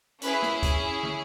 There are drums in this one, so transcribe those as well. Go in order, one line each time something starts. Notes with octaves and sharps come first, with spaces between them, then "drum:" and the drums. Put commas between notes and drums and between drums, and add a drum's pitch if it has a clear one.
C#4 E4 G#4 B4, drum: hi-hat
drum: snare
drum: kick C#2, hi-hat
drum: tom